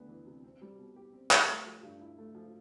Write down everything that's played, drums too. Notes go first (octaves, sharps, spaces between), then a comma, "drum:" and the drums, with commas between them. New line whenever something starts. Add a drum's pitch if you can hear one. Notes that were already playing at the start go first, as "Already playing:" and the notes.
Already playing: D2 B3
E3
C3
C4
G3
B2
G4
C4
G3, drum: clap
A3
F3
G2
E4
A3
F3